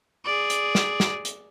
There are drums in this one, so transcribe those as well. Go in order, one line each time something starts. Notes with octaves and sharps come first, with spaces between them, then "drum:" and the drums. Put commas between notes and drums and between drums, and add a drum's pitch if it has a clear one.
G#4 D5
drum: hi-hat
drum: snare
drum: snare
drum: hi-hat